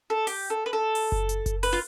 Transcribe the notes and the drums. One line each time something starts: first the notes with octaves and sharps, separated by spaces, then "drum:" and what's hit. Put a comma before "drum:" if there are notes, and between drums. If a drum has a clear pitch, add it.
A4
G4, drum: open hi-hat
A4
B4
A4
drum: open hi-hat
drum: kick F#1
drum: hi-hat
drum: kick F#1, hi-hat
B4, drum: open hi-hat
F4